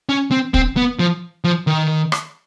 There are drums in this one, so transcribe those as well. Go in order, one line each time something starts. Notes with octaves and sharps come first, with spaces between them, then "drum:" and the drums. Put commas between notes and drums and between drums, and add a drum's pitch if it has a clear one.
C#4
C4
C4, drum: kick
B3
F3
F3
D#3
drum: rim click